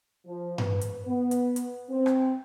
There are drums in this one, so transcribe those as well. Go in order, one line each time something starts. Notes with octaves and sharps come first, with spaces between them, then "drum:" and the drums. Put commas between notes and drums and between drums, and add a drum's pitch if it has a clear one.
F3
B4, drum: tom G2
drum: hi-hat
B3
drum: hi-hat
drum: hi-hat
C4
drum: rim click